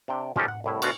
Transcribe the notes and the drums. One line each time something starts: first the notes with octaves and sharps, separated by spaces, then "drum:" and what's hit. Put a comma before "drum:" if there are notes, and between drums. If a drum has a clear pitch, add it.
C3 D4 G5
F3 G#3 C#4 D#4 G4 A4, drum: tom
F#5
C2 A2 E4
D2 B2 F4 F#4, drum: cymbal